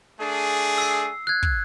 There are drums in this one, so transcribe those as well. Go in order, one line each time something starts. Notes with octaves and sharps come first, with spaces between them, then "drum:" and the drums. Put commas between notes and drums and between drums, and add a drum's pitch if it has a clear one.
A3 D4 G#4
E6 C7
F#6 G#6
drum: kick